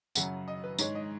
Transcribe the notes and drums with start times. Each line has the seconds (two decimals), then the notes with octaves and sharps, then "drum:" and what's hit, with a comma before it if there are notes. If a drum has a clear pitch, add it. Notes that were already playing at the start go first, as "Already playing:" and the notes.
0.15 F#2 C#3 F#3 F#5, drum: tambourine
0.48 D#5
0.64 B4
0.79 G#2 G#3 C#5, drum: tambourine
0.95 D#5